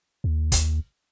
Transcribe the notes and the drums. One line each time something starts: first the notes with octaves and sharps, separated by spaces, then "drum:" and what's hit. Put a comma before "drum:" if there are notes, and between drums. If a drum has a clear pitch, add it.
D#2
drum: kick, hi-hat